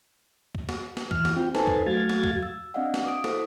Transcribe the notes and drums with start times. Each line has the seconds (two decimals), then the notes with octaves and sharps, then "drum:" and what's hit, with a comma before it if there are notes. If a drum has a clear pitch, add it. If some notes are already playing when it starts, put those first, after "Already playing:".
0.55 drum: kick
0.69 drum: snare
0.97 drum: snare
1.11 E3 F6, drum: kick
1.25 drum: snare
1.37 C4 F4 G5
1.55 D#4 A4 B4 C5 G#5 A5, drum: snare
1.67 drum: kick
1.86 F#3 A3 F#4 F5 G#6 A6
2.09 drum: snare
2.24 drum: kick
2.43 E6
2.74 C4 D4 D5 D#5 F5 F#5
2.94 drum: snare
3.05 D6 D#6 D7
3.24 E4 A4 C5, drum: snare